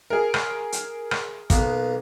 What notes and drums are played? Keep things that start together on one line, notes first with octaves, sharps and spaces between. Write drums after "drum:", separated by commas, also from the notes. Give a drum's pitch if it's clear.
G#4 A#4
drum: rim click
drum: hi-hat
drum: rim click
B1 A#3 B3, drum: kick, hi-hat